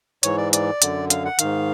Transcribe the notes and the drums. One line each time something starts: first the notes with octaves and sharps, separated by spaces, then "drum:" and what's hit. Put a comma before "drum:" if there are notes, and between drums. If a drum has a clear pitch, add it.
G#2 E3 C#5, drum: hi-hat
D5
D5, drum: hi-hat
F#2 D3, drum: hi-hat
F5, drum: hi-hat
F#5
G#2 D#3 F5, drum: hi-hat